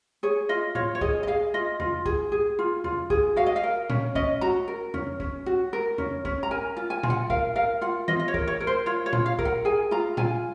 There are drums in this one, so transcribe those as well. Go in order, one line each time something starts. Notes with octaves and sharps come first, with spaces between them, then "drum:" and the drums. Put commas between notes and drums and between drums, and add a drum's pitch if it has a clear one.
G#4 C#5
F4 D#5
F4 C#5, drum: tom A2
C#5
G#4 D#5, drum: kick
D#5
G#4 F5
F4 D#5
F4, drum: tom
G#4, drum: kick
G#4
F4
F4, drum: tom
G#4, drum: kick
F#4 F5
D#5
F5
A#4
C#4, drum: tom A#2
C#4 D#5, drum: kick
F#4 A#5
A#4
C#4, drum: tom
C#4, drum: kick
F#4
A#4
C#4, drum: tom
C#4, drum: kick
A#5
A#4 G#5
F4
G#5
F4, drum: tom A#2
F#5
A#4 F5, drum: kick
A#4 F5
F4 F#5
F4 D#5, drum: tom E3
D#5
C#5
A#4, drum: kick
C#5
A#4
C5
F4 C#5
C#5
F4, drum: tom A#2
F5
A#4, drum: kick
F#5
G#4 G#5
F4 A#5
F4 G#5, drum: tom A#2